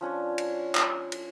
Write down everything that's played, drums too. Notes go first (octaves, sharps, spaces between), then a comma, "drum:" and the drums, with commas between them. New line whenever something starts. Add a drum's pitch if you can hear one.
F3 C#4 D4 C#5
drum: cymbal
drum: clap
drum: cymbal